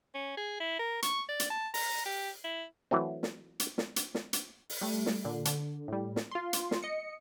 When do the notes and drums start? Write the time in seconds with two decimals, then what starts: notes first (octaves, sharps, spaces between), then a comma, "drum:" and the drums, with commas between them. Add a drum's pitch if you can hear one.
0.15 C#4
0.37 G#4
0.60 E4
0.79 A#4
1.02 C#6, drum: hi-hat
1.29 D5
1.40 drum: hi-hat
1.50 A5
1.74 A#5, drum: open hi-hat
2.05 G4
2.44 E4
2.91 E3 F#3 A3 C4
3.23 drum: snare
3.60 drum: hi-hat
3.78 drum: snare
3.96 drum: hi-hat
4.15 drum: snare
4.33 drum: hi-hat
4.70 drum: open hi-hat
4.81 G3 A3
5.06 drum: snare
5.25 A#2 D3
5.45 D3, drum: hi-hat
5.88 A2 G3
6.16 drum: snare
6.31 F4 C6
6.53 drum: hi-hat
6.71 drum: snare
6.83 D#5 C#7